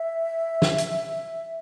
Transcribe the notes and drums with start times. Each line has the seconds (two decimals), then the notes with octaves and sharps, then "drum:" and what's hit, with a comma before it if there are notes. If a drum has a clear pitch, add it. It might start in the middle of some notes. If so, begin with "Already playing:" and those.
Already playing: E5
0.62 drum: snare
0.78 drum: hi-hat